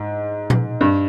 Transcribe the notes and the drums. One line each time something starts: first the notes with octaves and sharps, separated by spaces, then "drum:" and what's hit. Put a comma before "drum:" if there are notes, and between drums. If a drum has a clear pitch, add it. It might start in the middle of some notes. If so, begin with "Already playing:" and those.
Already playing: G#2
drum: tom A#2
G2